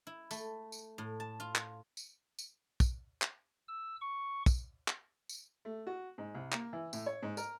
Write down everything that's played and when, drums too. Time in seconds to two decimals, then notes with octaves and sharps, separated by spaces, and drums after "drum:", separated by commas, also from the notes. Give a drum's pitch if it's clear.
0.07 E4
0.31 A3, drum: tambourine
0.72 drum: tambourine
0.98 A2
1.20 A5
1.40 F4
1.55 drum: clap
1.97 drum: tambourine
2.39 drum: tambourine
2.80 drum: kick, tambourine
3.22 drum: clap
3.68 E6
4.01 C#6
4.46 drum: kick, tambourine
4.88 drum: clap
5.29 drum: tambourine
5.65 A3
5.87 F#4
6.18 G#2
6.35 C2
6.52 A#3, drum: clap
6.73 E3
6.93 A2, drum: tambourine
7.06 C#5
7.23 G#2
7.37 A#4, drum: tambourine